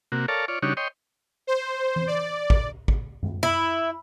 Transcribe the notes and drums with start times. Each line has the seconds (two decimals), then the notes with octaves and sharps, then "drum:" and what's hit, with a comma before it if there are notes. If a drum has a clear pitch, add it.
0.12 C3 A#3 F#4
0.28 A4 A#4 C#5 D5 F5 A5
0.48 F4 C#5 D5
0.62 C#3 G3 D4 D#4 F#4 C#5
0.77 C#5 D#5 G5 C6
1.47 C5
1.96 drum: tom E3
2.07 D5
2.50 drum: kick
2.88 drum: kick
3.23 drum: tom F#2
3.43 E4